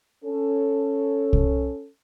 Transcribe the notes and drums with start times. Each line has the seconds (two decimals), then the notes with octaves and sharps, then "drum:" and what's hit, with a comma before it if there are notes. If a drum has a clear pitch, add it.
0.25 C#4 A4
1.33 drum: kick C2